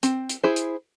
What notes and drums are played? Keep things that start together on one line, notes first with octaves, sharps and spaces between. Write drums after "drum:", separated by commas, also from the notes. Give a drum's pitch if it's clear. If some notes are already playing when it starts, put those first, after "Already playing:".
C4, drum: hi-hat
drum: hi-hat
E4 G#4 C5
drum: hi-hat